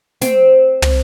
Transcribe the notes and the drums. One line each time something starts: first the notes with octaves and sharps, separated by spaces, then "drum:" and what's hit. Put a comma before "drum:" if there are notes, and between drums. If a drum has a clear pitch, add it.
C4, drum: snare
drum: tom